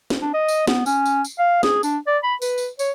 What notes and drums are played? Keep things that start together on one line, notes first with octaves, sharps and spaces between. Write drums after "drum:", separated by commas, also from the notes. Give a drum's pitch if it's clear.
drum: snare
D4
D#5
drum: tambourine
B3, drum: snare
C#4, drum: tambourine
drum: tambourine
drum: tambourine
F5
G#4, drum: snare
D4, drum: tambourine
D5
B5
B4, drum: tambourine
drum: tambourine
C#5, drum: tambourine